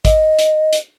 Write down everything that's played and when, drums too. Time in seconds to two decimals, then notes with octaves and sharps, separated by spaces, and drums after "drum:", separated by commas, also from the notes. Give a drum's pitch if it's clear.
0.05 D#5, drum: kick, hi-hat
0.39 drum: hi-hat
0.73 drum: hi-hat